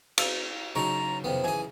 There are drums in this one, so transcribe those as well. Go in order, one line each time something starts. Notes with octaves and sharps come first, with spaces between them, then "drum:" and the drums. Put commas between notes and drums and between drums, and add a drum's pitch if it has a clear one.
F5 E6, drum: cymbal
C#3 F#3 D#4 C#5 A5 A#5 C6
F2 C3 B3
E3 G#4 G#5